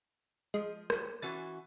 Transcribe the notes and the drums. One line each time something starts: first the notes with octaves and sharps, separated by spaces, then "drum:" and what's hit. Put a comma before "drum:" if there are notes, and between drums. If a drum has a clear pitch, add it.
F3 G#3
drum: rim click
E3 C#4 F#4 A6